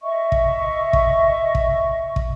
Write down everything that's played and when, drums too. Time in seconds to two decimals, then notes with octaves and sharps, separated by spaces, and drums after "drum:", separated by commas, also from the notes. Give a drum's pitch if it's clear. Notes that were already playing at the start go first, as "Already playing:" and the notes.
0.01 D#5 E5 C#6
0.32 drum: kick
0.93 drum: kick
1.55 drum: kick
2.16 drum: kick